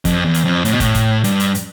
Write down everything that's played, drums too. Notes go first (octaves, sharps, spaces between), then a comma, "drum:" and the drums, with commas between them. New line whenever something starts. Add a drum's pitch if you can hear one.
F2, drum: kick, hi-hat
E2
drum: hi-hat
F2
A2, drum: hi-hat
B2
A2, drum: kick, hi-hat
drum: kick, hi-hat
G2, drum: hi-hat
drum: hi-hat
drum: hi-hat